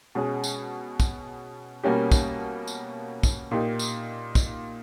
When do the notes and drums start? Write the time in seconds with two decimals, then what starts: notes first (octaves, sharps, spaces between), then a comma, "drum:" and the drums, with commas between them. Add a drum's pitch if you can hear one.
0.15 B2 G#3 C#4 G#4
0.44 drum: tambourine
1.00 drum: kick, tambourine
1.83 B2 G3 A#3 C#4 G4
2.12 drum: kick, tambourine
2.67 drum: tambourine
3.23 drum: kick, tambourine
3.51 A#2 A#3 D#4 G4
3.79 drum: tambourine
4.35 drum: kick, tambourine